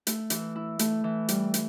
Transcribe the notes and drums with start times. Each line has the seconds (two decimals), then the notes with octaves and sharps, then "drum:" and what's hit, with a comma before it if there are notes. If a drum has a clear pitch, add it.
0.07 A3, drum: hi-hat
0.30 E3, drum: hi-hat
0.56 E4
0.79 A3, drum: hi-hat
1.04 E3
1.29 G3, drum: hi-hat
1.54 drum: hi-hat